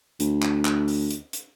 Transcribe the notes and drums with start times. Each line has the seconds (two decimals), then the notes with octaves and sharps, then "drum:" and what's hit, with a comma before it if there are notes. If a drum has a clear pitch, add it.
0.20 D2, drum: hi-hat
0.43 drum: clap
0.65 drum: clap
0.88 drum: open hi-hat
1.11 drum: hi-hat
1.33 drum: hi-hat